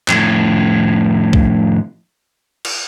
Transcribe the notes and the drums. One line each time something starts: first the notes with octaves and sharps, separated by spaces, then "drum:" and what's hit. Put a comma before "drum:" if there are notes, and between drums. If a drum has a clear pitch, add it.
F2 A2, drum: clap
drum: kick
drum: cymbal